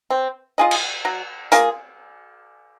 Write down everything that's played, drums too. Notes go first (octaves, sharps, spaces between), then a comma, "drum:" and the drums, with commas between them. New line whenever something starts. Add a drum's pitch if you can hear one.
C4
F4 G#4 D#5
drum: cymbal
F#3
A#3 F4 G#4, drum: hi-hat